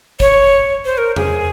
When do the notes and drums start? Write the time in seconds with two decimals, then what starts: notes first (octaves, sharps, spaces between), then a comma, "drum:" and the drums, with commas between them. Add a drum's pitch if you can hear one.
0.20 C#5, drum: kick
0.85 C5
0.98 A#4
1.16 G#4, drum: tom E2